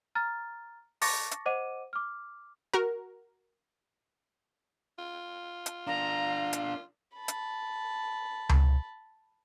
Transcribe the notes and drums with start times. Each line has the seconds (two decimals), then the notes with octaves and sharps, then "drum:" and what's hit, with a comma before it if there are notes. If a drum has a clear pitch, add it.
0.15 A#5 F6 A6
1.01 A5 C#6 D6 A6 A#6 C#7, drum: open hi-hat
1.31 drum: hi-hat
1.46 C5 D#5 F#5 D6 D#7
1.93 D6 F6
2.73 F#4 A#4
4.98 F4
5.66 drum: hi-hat
5.87 D4 A#4 F5 A#5
6.53 drum: hi-hat
7.16 A5 B5
7.28 drum: hi-hat
8.49 drum: tom C#2